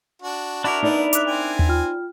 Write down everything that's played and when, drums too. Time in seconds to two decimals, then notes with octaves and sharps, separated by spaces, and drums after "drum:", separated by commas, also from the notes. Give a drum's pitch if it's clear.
0.22 D4 F#4
0.64 D4 E4 F#4 A#4 A5 B5 D6
0.83 B3 D#4 D5
1.13 E5 D6 F#6, drum: hi-hat
1.27 C4 G#5
1.59 drum: tom D#2
1.69 F4 G5 F6